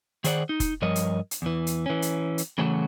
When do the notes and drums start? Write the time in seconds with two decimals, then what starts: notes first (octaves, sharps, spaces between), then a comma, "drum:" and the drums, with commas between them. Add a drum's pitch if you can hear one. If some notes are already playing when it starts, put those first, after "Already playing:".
0.24 D#3 G#4 C5 D5 D#5 F#5, drum: hi-hat
0.49 D#4
0.60 drum: kick F1, hi-hat
0.82 G2 F3 A#4 C#5 D#5
0.96 drum: hi-hat
1.31 drum: hi-hat
1.42 E2 E3
1.67 drum: hi-hat
1.86 E3 C#4
2.02 drum: hi-hat
2.38 drum: hi-hat
2.58 C#3 E3 F#3 A3 F#4